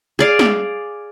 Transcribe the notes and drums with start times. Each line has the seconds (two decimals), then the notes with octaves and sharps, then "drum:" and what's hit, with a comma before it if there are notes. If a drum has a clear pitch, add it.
0.19 G#4 D5 F5
0.39 drum: snare